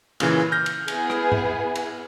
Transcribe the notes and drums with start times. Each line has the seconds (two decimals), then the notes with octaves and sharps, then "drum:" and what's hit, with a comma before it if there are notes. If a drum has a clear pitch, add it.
0.20 A#2 C#3 E3, drum: cymbal
0.52 F6 G6 A#6
0.66 drum: cymbal
0.88 B3 E4 G#4, drum: cymbal
1.10 drum: rim click
1.32 drum: tom G#2
1.75 drum: cymbal